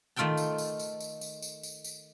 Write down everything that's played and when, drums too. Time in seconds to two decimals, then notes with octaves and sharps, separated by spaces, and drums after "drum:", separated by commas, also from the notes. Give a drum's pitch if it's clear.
0.16 D#3 A3 F4 A4 G5 A5
0.37 drum: tambourine
0.58 drum: tambourine
0.79 drum: tambourine
1.00 drum: tambourine
1.21 drum: tambourine
1.42 drum: tambourine
1.63 drum: tambourine
1.84 drum: tambourine